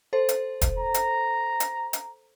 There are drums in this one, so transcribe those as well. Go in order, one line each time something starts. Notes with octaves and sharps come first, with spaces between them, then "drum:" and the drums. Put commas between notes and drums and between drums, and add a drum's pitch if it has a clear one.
A4 C5
drum: hi-hat
drum: kick E1, hi-hat
A#5
drum: hi-hat
drum: hi-hat
drum: hi-hat